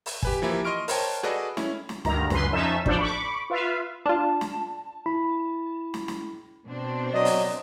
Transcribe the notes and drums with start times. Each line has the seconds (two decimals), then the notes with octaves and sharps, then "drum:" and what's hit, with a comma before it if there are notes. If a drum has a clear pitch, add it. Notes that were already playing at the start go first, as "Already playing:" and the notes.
0.06 drum: open hi-hat
0.23 G4 B4 G#5, drum: kick
0.42 E3 F3 A#3 E4 G4
0.65 D#5 C6 C#6 F6 D7
0.88 A#4 C5 C#5 G5 A5, drum: open hi-hat
1.23 F#4 G#4 A4 B4 D5 D#5, drum: rim click
1.57 C#4 E4, drum: snare
1.89 drum: snare
2.05 D2 G2 D#3 A#5, drum: snare
2.30 C#2 F#2 B4 C6, drum: snare
2.52 F2 C#4 D#4 E5 A5 E7
2.86 A1 F3 D4 A4 D5 G6, drum: kick
2.98 B5 C#6 D6
3.50 F4 B4 E5 F5
4.06 D4 F4 A5
4.41 drum: snare
5.06 E4 B5
5.94 drum: snare
6.08 drum: snare
6.67 B2 C4 D4
7.14 F#3 D5 D#5
7.25 drum: open hi-hat